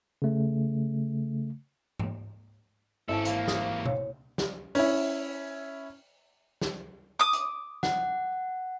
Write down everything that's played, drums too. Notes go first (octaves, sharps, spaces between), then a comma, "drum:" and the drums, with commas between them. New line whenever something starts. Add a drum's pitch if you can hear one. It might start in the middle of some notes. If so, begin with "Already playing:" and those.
C#3 A3
drum: tom
G#1 C#4 E4 A4 E5 A5
E3 A#3 F5, drum: hi-hat
D#6, drum: snare
C#5, drum: tom B2
drum: snare
C#4 E4, drum: open hi-hat
drum: snare
D6 D#6
drum: hi-hat
F#5, drum: snare